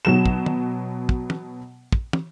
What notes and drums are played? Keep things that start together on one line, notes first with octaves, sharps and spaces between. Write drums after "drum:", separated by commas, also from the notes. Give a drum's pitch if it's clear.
B2 F#3 E7
drum: kick
drum: tom
drum: kick
drum: tom
drum: kick
drum: tom